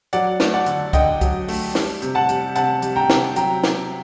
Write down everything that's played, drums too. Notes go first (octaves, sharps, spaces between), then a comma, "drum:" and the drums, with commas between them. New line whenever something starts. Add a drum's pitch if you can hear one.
F#3 D5 F#5, drum: hi-hat
A3, drum: snare
D5 F#5
D3, drum: hi-hat
D3 D#5 G5, drum: kick C2, hi-hat
F#3, drum: kick C2, hi-hat
A3, drum: open hi-hat
G3, drum: snare
C3, drum: hi-hat
F#5 A5
G3, drum: hi-hat
C3 F#5 A5, drum: hi-hat
G3, drum: hi-hat
G5 A#5
C3, drum: snare
F#3 G5 A#5, drum: hi-hat
drum: snare